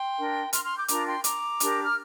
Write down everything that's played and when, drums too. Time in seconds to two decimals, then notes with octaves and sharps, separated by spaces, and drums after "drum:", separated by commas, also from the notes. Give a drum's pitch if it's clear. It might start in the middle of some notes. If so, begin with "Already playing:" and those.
Already playing: G5 C6
0.17 D4 A#4
0.53 C6 F6, drum: hi-hat
0.65 C6 F6
0.77 D6 G6
0.88 D4 F4 A#4 A#5 D6, drum: hi-hat
1.06 G5 C6
1.24 A#5 D6, drum: hi-hat
1.60 D4 G4 A#4, drum: hi-hat
1.84 F6